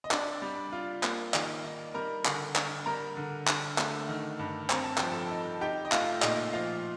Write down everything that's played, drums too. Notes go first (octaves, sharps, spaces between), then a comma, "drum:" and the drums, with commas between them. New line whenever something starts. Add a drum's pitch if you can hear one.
D#5
D4 D5, drum: clap
G3
F4
A#3, drum: clap
D#3, drum: clap
D#4
G3 A#4 A#5
D3, drum: clap
D4, drum: clap
G3 A#4 A#5
D3
D4, drum: clap
A3, drum: clap
D#3
G2
C4 A#5, drum: clap
A5
F3 G5, drum: clap
A4 A5
D#4
D#4 G4 G5
D#5
A3 F4 F5, drum: clap
A#2 D#4 D#5, drum: clap
F3 F4 F5